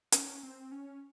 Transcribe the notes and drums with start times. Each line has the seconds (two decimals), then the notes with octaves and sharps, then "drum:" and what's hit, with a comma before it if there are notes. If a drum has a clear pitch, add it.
0.12 C#4, drum: hi-hat
0.43 C4
0.72 C#4